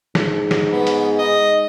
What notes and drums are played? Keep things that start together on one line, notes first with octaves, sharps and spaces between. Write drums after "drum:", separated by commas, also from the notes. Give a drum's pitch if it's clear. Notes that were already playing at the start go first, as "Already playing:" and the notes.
G#2, drum: snare
drum: snare
B3
drum: hi-hat
D#5